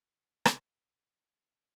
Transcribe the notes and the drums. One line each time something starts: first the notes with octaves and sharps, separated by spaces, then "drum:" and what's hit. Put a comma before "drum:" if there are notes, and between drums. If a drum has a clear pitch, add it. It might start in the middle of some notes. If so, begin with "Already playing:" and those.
drum: rim click
G#3 C4 C#6